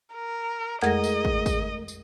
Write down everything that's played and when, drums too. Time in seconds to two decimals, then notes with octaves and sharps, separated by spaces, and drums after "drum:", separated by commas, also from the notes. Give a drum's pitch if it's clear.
0.14 A#4
0.82 F2 G#3 A3 G#4 A#4 D#5 A#6, drum: clap
1.04 drum: tambourine
1.25 drum: kick
1.46 drum: kick, tambourine
1.88 drum: tambourine